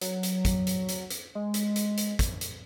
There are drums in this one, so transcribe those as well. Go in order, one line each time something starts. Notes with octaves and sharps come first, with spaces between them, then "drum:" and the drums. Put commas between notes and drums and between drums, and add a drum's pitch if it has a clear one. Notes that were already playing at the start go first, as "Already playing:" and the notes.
F#3, drum: hi-hat
drum: hi-hat
drum: kick, hi-hat
drum: hi-hat
drum: hi-hat
drum: hi-hat
G#3
drum: hi-hat
drum: hi-hat
drum: hi-hat
drum: kick, hi-hat
drum: hi-hat